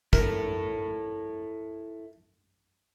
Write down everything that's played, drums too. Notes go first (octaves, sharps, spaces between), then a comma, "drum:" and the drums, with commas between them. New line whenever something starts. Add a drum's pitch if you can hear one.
E4 A4 A#4, drum: kick